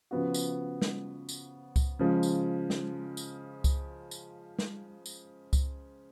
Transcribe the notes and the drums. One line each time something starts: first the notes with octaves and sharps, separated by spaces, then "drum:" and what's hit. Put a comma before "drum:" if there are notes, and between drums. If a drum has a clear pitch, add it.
C#3 F3 B3 F#4
drum: tambourine
drum: snare
drum: tambourine
drum: kick C#2, tambourine
C#3 F3 G#3
drum: tambourine
drum: snare
drum: tambourine
drum: kick C#2, tambourine
drum: tambourine
drum: snare
drum: tambourine
drum: kick C#2, tambourine